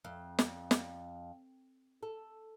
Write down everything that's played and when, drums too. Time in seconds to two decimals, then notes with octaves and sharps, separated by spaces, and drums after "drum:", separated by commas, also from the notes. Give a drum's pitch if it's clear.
0.05 F2
0.39 drum: snare
0.71 drum: snare
2.03 A4